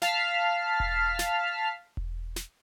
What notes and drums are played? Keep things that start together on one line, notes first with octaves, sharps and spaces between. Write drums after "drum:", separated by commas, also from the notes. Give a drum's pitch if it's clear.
F5 A5 F6 B6, drum: snare
drum: kick E1
drum: snare
drum: kick E1
drum: snare